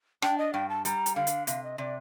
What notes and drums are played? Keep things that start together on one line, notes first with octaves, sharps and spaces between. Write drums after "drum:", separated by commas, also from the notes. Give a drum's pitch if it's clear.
D4 G5, drum: rim click
D#5
G2 G5
A5
G3 A#5, drum: hi-hat
drum: hi-hat
D3 F5
drum: hi-hat
C3 F5, drum: hi-hat
D#5
C3 D5